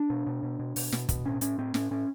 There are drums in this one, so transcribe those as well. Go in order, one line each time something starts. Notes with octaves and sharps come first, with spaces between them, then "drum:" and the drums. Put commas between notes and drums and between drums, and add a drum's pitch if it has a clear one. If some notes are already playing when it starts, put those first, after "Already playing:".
Already playing: D4
B2
B2
B2
B2
B2, drum: open hi-hat
B2, drum: snare
B2, drum: kick, hi-hat
A2 C#4
A2 C#4, drum: hi-hat
A2 C4
A2 C#4, drum: snare
A2 C#4